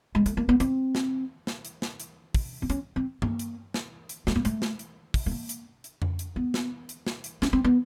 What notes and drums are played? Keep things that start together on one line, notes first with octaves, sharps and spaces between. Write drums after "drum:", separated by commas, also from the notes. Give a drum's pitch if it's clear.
G#3
A3, drum: hi-hat
A#3
B3
C4, drum: hi-hat
drum: snare
drum: snare
drum: hi-hat
drum: snare
drum: hi-hat
drum: kick, open hi-hat
C4
C#4, drum: hi-hat
C4
A#3, drum: tom G2
drum: hi-hat
drum: snare
drum: hi-hat
A3, drum: snare
A#3
A3, drum: hi-hat
drum: snare
drum: hi-hat
drum: kick, open hi-hat
A3
A#3
drum: hi-hat
drum: hi-hat
drum: tom F2
drum: hi-hat
B3
drum: snare
drum: hi-hat
drum: snare
drum: hi-hat
C#4, drum: snare
C4
B3